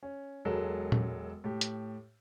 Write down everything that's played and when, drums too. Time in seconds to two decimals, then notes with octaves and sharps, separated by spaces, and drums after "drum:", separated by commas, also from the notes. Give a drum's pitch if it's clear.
0.03 C#4
0.45 E1 F#3 G#3 A4 A#4
0.92 drum: tom A#2
1.44 A2 G4
1.61 drum: hi-hat